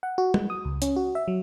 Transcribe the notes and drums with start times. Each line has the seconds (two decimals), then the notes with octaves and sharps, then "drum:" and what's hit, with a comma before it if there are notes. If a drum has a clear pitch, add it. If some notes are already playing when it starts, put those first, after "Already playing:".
0.03 F#5
0.18 F#4
0.34 G#3, drum: tom
0.50 D#6
0.65 C#2
0.82 C#4, drum: hi-hat
0.96 F#4
1.15 E5
1.28 F#3